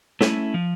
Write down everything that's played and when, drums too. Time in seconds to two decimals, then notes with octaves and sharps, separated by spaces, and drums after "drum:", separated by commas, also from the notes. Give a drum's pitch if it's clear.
0.21 A3 C#4 E4, drum: snare
0.54 F3